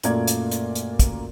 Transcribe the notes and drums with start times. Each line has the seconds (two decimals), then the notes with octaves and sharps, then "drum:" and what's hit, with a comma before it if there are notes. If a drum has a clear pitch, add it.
0.03 F#2 A#2 A3 A#3 D5 G#6, drum: hi-hat
0.27 drum: hi-hat
0.51 drum: hi-hat
0.75 drum: hi-hat
0.99 drum: kick, hi-hat